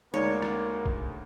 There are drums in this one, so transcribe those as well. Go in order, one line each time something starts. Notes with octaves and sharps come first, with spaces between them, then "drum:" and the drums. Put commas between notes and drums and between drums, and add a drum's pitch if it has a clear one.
D2 G#3 A#3 D#4 C#5 D5 A#5
drum: rim click
drum: kick